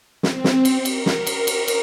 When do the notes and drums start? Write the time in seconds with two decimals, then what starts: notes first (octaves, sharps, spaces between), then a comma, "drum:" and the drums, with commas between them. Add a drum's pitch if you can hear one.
0.23 C4, drum: snare
0.44 drum: snare
0.65 drum: cymbal
0.85 A#4, drum: cymbal
1.06 drum: snare
1.16 A#4
1.27 drum: cymbal
1.47 drum: cymbal
1.68 drum: cymbal